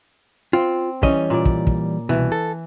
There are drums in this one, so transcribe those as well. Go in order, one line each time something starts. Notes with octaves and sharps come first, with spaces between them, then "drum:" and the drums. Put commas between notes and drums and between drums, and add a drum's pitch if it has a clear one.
C4 F4
E3 G3 C#4 D#5, drum: kick
A#2 D5
drum: kick
drum: kick
C2 B2 E3
A4